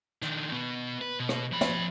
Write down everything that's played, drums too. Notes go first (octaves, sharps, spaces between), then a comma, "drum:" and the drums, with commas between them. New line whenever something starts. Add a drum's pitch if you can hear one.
D#3 D4, drum: hi-hat
B2 B3
B4
B2
drum: rim click
F3 B5
drum: snare